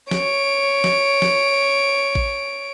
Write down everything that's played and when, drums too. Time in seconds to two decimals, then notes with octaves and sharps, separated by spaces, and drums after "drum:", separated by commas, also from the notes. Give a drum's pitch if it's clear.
0.11 C#5 D7, drum: snare
0.84 drum: snare
1.22 drum: snare
2.15 drum: kick A1